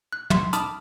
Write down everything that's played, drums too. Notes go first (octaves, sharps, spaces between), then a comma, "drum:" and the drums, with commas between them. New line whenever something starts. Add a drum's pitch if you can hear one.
F#6
E5 C6, drum: tom
A5 B5 D6 D#6 F6, drum: hi-hat